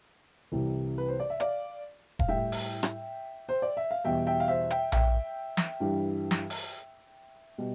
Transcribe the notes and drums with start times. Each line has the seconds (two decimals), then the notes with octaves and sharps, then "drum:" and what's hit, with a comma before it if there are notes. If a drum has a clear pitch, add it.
0.52 C2 C3 E3 G3
0.98 B4
1.08 C5
1.20 D5
1.30 E5
1.40 D5 F5, drum: hi-hat
2.19 F5, drum: kick E1
2.28 A2 G3 E5 G5
2.52 drum: open hi-hat
2.83 drum: rim click
3.49 C5
3.62 D5
3.77 E5
3.91 F5
4.04 E2 B2 G3 E5 G5
4.27 E5 G5
4.40 F5
4.48 C5 E5
4.70 E5 G5, drum: hi-hat
4.92 E5 G5, drum: tom A#1
5.57 drum: snare
5.80 G2 E3 G3
6.31 drum: snare
6.50 drum: open hi-hat
7.58 B2 G3